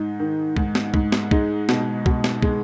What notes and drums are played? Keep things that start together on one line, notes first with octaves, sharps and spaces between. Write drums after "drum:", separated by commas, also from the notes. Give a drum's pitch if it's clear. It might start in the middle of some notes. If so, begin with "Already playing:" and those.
Already playing: G#2 D#4
D#3
G#2, drum: kick
drum: snare
G#2, drum: kick
drum: snare
G#3 D#4, drum: kick
B2, drum: snare
B2, drum: kick
drum: snare
G#3, drum: kick